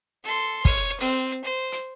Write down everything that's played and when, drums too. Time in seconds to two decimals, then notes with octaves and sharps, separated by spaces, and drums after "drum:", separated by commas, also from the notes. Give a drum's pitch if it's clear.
0.24 A4 C6
0.65 C#5, drum: kick, open hi-hat
1.00 C4, drum: open hi-hat
1.44 C5
1.72 drum: hi-hat